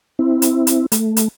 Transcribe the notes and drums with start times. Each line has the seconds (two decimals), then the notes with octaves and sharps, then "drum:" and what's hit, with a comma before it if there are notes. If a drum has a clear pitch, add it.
0.19 C4 E4
0.42 drum: hi-hat
0.67 drum: hi-hat
0.92 A3, drum: hi-hat
1.17 drum: hi-hat